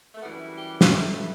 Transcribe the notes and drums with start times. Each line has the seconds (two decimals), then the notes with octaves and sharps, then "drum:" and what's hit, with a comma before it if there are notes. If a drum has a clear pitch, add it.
0.15 A3
0.22 F#2 E3 G3 B3
0.31 D4
0.40 E4
0.48 F#4
0.57 G4
0.81 drum: snare
0.91 G2 E3 A3
1.03 G4
1.10 A4
1.17 B4